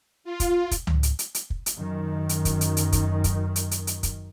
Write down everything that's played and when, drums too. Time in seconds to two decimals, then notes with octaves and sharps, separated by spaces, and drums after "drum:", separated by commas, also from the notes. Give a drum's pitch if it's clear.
0.24 F4
0.40 drum: kick, hi-hat
0.71 drum: kick, hi-hat
0.87 drum: tom C#2
1.03 drum: hi-hat
1.19 drum: hi-hat
1.35 drum: hi-hat
1.50 drum: kick
1.66 drum: hi-hat
1.75 F#2 D#3
2.29 drum: hi-hat
2.45 drum: kick, hi-hat
2.61 drum: hi-hat
2.77 drum: hi-hat
2.92 drum: kick, hi-hat
3.24 drum: kick, hi-hat
3.56 drum: hi-hat
3.71 drum: hi-hat
3.87 drum: hi-hat
4.03 drum: kick, hi-hat